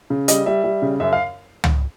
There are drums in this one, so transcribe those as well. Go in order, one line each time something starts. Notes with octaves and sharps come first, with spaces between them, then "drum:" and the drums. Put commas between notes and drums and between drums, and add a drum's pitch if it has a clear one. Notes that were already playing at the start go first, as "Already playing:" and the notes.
C#3
G3 D#5, drum: hi-hat
G3 E5
G3
C#3
F#2 E5
F5
drum: tom